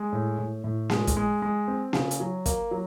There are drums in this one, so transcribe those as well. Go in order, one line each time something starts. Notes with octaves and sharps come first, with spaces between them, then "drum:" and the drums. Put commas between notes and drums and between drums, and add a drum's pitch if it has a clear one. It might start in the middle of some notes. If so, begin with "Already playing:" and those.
Already playing: G#3
A2
A2
A2
G#3, drum: snare A#3
drum: kick, hi-hat
G#3
G#3
C4
C#3, drum: snare A#3
drum: hi-hat
F#3
A#3, drum: kick, hi-hat
F#3